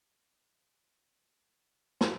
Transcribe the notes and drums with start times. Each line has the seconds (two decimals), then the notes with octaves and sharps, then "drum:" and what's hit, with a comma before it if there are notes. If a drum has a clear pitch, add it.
0.19 A#2 D#3
0.49 D3 G3
1.34 E3 D#4
2.01 drum: snare